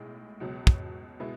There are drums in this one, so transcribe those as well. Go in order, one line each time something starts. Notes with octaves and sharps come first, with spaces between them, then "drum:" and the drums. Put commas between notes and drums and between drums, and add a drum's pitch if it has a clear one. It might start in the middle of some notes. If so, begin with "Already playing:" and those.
Already playing: B1 A2 G#3
C#2 B2 F#3
drum: kick
B2 G#3 B3 E4